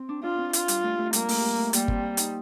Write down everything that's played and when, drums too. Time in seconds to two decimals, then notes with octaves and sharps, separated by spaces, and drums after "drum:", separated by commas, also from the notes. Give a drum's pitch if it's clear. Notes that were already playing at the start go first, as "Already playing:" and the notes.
Already playing: C4
0.09 D4
0.23 D4 F4
0.38 C4
0.53 F4, drum: hi-hat
0.68 G3, drum: hi-hat
0.83 A3
0.98 A3
1.13 G3 A#3, drum: hi-hat
1.29 A3, drum: open hi-hat
1.43 G3
1.58 A3
1.73 G3 A#3, drum: hi-hat
1.88 C4, drum: kick G1
2.03 F4
2.17 D#4, drum: hi-hat